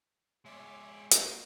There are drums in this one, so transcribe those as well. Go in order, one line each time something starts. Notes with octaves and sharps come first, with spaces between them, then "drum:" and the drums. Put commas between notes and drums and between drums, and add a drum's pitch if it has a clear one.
G#3 C#5 D5 E5 C6
A#3 F#4, drum: hi-hat